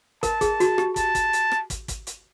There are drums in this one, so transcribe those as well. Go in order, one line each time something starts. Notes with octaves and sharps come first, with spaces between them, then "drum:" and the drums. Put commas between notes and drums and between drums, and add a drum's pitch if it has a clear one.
A#4 A5, drum: kick, hi-hat
G#4, drum: kick, hi-hat
F#4, drum: hi-hat
G4, drum: rim click
A5, drum: kick, hi-hat
drum: kick, hi-hat
drum: hi-hat
drum: rim click
drum: kick, hi-hat
drum: kick, hi-hat
drum: hi-hat